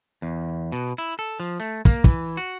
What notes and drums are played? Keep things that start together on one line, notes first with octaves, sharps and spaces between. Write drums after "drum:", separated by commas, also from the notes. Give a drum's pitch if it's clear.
E2
B2
E4
A4
F3
A3
A#3, drum: kick
E3, drum: kick
F#4